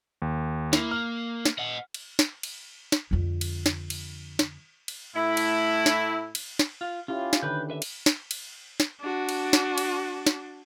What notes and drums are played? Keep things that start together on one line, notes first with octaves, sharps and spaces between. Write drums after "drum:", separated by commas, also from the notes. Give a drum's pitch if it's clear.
D#2
A#3 E4, drum: snare
F6
drum: snare
D#5 F#5
drum: cymbal
drum: snare
drum: cymbal
drum: snare
F2 D3
drum: cymbal
drum: snare
drum: cymbal
drum: snare
drum: cymbal
A2 A3 E4
drum: cymbal
drum: snare
drum: cymbal
drum: snare
F4
C#4 E4 F4 G4
drum: snare
D3 D#3 B4 B5 G6
B4 E5
drum: cymbal
drum: snare
drum: cymbal
drum: snare
D4 F#4
drum: cymbal
drum: snare
drum: cymbal
drum: snare